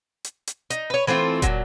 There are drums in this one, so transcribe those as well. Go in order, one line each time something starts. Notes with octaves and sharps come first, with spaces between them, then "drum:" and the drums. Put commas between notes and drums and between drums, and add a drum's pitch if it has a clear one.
drum: hi-hat
drum: hi-hat
D#4, drum: hi-hat
B4 C#5
E3 A3 C4 F4
A#2 F#3, drum: kick, hi-hat